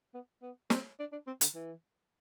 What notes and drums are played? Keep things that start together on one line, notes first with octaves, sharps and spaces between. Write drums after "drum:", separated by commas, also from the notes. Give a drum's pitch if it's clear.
B3
B3
C4, drum: snare
D4
D4
C4
D3, drum: hi-hat
E3